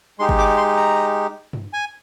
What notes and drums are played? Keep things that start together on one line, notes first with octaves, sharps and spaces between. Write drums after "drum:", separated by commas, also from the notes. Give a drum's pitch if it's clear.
G#3 D#4 G4 C6
drum: kick
D6
C6
A#5
drum: tom G2
G#5